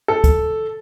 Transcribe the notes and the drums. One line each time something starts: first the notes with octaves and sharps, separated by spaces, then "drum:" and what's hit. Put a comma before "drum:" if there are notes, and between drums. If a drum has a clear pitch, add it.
A4
drum: kick, hi-hat